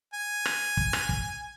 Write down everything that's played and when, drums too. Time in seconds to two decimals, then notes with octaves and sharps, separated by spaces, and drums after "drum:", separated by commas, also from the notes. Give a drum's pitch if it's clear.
0.14 G#5
0.46 drum: rim click
0.77 drum: kick
0.93 drum: rim click
1.09 drum: kick